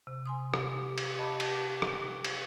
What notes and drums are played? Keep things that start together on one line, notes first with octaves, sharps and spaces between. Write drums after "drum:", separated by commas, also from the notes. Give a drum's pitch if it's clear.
C3
G#5 C6 D#6
G4, drum: rim click
drum: cymbal
D#5 A5 B5
drum: cymbal
drum: rim click
drum: cymbal